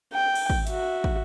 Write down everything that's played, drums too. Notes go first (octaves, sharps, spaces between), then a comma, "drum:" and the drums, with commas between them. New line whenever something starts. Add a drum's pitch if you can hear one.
G5
drum: cymbal
drum: kick
F#4 E5, drum: hi-hat
drum: kick